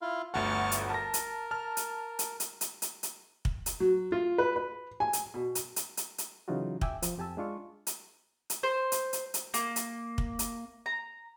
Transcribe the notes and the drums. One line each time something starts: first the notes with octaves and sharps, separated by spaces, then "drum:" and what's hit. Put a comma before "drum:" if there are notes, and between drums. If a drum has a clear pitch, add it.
E4 F4 F5
G1 D2 F#5 A5 C#6 F6
drum: hi-hat
A#4 A5 A#6
drum: hi-hat
A5 F6
drum: hi-hat
drum: hi-hat
drum: hi-hat
drum: hi-hat
drum: hi-hat
drum: hi-hat
drum: kick
drum: hi-hat
F#3
F4
B4
B4
G#5
drum: hi-hat
B2
drum: hi-hat
drum: hi-hat
drum: hi-hat
drum: hi-hat
C#3 E3 F#3 D#4 F4 F#4
E5 G5 G#5 D6 E6, drum: kick
F3, drum: hi-hat
F2 G4 G#5 A5 E6
G#3 D4 F4 C#6
drum: hi-hat
drum: hi-hat
C5
drum: hi-hat
drum: hi-hat
drum: hi-hat
A#3, drum: hi-hat
drum: hi-hat
drum: kick
drum: hi-hat
A#5